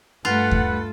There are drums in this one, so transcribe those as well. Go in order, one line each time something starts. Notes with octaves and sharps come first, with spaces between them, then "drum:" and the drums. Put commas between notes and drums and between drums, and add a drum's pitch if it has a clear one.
G2 A3 F4 A4 B4 F#5
drum: kick D#2